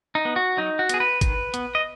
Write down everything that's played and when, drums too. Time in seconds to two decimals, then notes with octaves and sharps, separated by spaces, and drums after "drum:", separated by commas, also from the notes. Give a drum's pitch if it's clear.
0.15 D#4
0.25 B3
0.36 F#4
0.57 F#3 D#4
0.79 F#4
0.89 B3 G#4, drum: hi-hat
1.00 B4
1.21 D#3, drum: kick, hi-hat
1.54 B3, drum: hi-hat
1.75 D#5